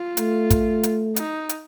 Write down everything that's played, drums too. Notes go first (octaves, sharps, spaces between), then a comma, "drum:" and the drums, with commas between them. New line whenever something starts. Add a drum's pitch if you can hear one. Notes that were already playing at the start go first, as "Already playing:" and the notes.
Already playing: F4
A3, drum: hi-hat
drum: kick, hi-hat
drum: hi-hat
D#4, drum: hi-hat
drum: hi-hat